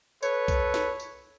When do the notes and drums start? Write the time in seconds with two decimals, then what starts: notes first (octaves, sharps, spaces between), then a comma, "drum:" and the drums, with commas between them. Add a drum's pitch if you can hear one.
0.23 A4 B4 C#5, drum: tambourine
0.48 drum: kick B1, tambourine
0.74 drum: snare
1.00 drum: tambourine